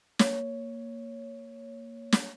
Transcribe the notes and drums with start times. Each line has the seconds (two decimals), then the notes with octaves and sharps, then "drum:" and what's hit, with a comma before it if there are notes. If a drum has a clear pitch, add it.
0.19 A#3 C#5, drum: snare
2.12 drum: snare